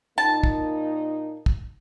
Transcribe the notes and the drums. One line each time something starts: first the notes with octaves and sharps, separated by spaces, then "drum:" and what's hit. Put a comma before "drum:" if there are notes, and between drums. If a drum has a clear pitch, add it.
A#2 A#3 D#4 A5
drum: kick
drum: kick